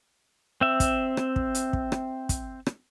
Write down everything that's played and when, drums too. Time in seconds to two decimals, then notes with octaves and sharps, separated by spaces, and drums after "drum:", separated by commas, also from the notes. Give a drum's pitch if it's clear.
0.61 C4 E5
0.80 drum: kick, hi-hat
1.17 drum: rim click
1.36 drum: kick
1.55 drum: hi-hat
1.73 drum: kick
1.92 drum: rim click
2.29 drum: kick, hi-hat
2.67 drum: rim click